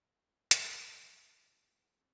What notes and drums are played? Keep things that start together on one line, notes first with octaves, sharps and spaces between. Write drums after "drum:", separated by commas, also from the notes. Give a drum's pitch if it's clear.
drum: hi-hat
G#5
G5
G#5
E5
G4
E4
C#6
F#5
C4